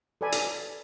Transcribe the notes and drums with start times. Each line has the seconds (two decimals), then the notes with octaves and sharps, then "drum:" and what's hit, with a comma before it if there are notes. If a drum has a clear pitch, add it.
0.21 A4 B4 D5 G#5 B5
0.32 drum: hi-hat